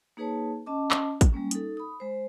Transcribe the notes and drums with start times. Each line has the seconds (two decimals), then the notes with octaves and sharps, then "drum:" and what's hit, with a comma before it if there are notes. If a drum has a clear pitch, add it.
0.17 A#3 D#4 G#4 B4 C#5 A5
0.66 C#4 D#5 A5 D6
0.91 drum: clap
1.21 drum: kick, hi-hat
1.33 G3 G#3 A#3 C#4
1.51 D#4 A4, drum: hi-hat
1.77 B5 D#6
2.00 G#3 C5